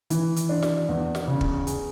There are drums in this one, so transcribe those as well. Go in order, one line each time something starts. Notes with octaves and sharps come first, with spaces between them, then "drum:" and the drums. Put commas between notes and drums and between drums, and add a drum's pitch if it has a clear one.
E3, drum: hi-hat
drum: hi-hat
D4
drum: snare
E2
drum: snare
C#3
drum: kick
G#4, drum: hi-hat